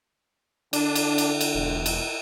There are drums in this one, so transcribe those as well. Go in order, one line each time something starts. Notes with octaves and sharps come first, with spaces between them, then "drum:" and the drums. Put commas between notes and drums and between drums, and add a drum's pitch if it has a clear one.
D3 D4, drum: cymbal
drum: cymbal
drum: cymbal
drum: cymbal
E1
drum: cymbal